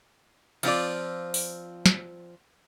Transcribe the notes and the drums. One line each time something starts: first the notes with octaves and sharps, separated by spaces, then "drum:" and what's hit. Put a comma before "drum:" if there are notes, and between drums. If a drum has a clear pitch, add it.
F3 C4 F4 D5, drum: cymbal
drum: open hi-hat
drum: snare